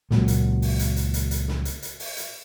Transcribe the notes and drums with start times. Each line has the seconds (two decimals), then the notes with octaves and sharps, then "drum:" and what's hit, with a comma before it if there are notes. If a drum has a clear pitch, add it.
0.11 C#2 A#2 F#3, drum: snare
0.28 drum: hi-hat
0.62 drum: open hi-hat
0.79 drum: hi-hat
0.97 drum: hi-hat
1.14 drum: hi-hat
1.31 drum: hi-hat
1.48 drum: snare
1.65 drum: hi-hat
1.82 drum: hi-hat
2.00 drum: open hi-hat
2.17 drum: hi-hat